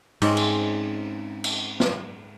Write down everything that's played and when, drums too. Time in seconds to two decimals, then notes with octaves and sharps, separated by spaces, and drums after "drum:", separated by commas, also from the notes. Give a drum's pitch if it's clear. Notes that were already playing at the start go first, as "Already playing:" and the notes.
0.22 G#2 G#3 C4 C#4, drum: cymbal
0.37 drum: cymbal
1.44 drum: cymbal
1.80 drum: snare